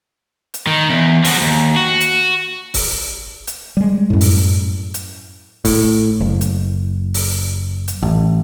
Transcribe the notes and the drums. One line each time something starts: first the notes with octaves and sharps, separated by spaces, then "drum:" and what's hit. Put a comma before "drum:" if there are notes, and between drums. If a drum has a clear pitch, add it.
drum: hi-hat
D#3
E2
F3 F#4, drum: open hi-hat
D#2
F#4
drum: hi-hat
drum: kick, open hi-hat
drum: hi-hat
G3 G#3
F#2 A2
drum: open hi-hat
drum: hi-hat
A2, drum: kick, open hi-hat
F#1
drum: hi-hat
drum: open hi-hat
drum: hi-hat
A1